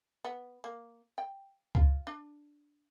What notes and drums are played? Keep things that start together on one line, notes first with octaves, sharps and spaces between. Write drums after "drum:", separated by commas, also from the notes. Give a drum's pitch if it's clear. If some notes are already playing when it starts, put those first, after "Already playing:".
B3
A#3
G5
F4, drum: kick C#2
D4